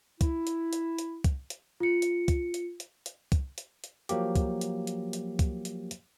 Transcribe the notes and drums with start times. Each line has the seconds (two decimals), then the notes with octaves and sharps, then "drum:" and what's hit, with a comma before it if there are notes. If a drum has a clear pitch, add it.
0.21 E4, drum: kick, hi-hat
0.47 drum: hi-hat
0.73 drum: hi-hat
0.99 drum: hi-hat
1.24 drum: kick, hi-hat
1.50 drum: hi-hat
1.80 F4 C#7
2.02 drum: hi-hat
2.28 drum: kick, hi-hat
2.54 drum: hi-hat
2.80 drum: hi-hat
3.06 drum: hi-hat
3.32 drum: kick, hi-hat
3.58 drum: hi-hat
3.84 drum: hi-hat
4.09 F3 F#3 A#3 G4, drum: hi-hat
4.35 drum: kick, hi-hat
4.61 drum: hi-hat
4.87 drum: hi-hat
5.13 drum: hi-hat
5.39 drum: kick, hi-hat
5.65 drum: hi-hat
5.91 drum: hi-hat